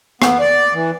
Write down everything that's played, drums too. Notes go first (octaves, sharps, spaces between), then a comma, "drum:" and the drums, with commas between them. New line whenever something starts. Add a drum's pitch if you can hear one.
B3, drum: rim click
D5
E3